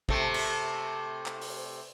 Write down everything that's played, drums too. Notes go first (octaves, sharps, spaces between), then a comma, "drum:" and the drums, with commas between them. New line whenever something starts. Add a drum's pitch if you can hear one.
C3 A3, drum: kick
drum: cymbal
drum: clap
drum: open hi-hat